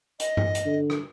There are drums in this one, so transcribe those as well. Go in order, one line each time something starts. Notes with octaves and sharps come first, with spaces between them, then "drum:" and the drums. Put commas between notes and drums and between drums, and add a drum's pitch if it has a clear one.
D#5, drum: hi-hat
drum: tom G2
drum: hi-hat
D3
drum: rim click